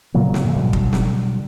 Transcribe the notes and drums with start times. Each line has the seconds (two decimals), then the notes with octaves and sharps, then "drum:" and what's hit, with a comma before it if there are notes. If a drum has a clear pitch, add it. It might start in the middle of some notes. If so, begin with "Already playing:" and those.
0.14 A#2 C#3 F#3 A#3
0.34 drum: snare
0.45 G#2 C#3 E3
0.56 B2 D3 F#3 G3
0.73 drum: kick
0.93 drum: snare